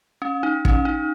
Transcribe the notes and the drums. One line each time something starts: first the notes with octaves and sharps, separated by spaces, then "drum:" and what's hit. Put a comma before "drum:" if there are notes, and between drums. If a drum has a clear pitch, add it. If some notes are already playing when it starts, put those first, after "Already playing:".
C#4
D#4
C#4, drum: kick
D#4